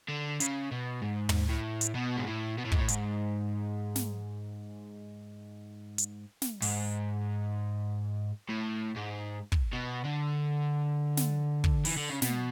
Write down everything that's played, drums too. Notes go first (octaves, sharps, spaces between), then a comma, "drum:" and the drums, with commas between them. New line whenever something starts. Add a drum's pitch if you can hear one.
D3
C#3, drum: hi-hat
B2
G#2
drum: tom
A2
drum: hi-hat
B2
G#2
A2
B2
A2
G#2, drum: kick
A2
G#2, drum: hi-hat
drum: snare
drum: hi-hat
drum: snare
G#2, drum: open hi-hat
A2
G#2
drum: kick
B2
D3
drum: snare
drum: kick
E3, drum: open hi-hat
D3
C#3
B2, drum: snare